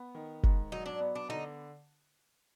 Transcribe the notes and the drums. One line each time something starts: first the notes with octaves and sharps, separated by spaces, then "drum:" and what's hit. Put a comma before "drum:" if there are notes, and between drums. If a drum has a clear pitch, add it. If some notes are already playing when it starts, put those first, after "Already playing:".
Already playing: B3
D#3
G#2, drum: kick F#1
F#3 D#4
D4
B3
D4
D3 D#4